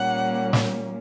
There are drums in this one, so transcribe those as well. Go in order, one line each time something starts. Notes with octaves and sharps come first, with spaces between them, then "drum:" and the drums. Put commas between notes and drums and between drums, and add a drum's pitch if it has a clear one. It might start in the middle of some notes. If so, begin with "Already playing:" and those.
Already playing: A#2 G3 A#3 C#4 F#5
drum: snare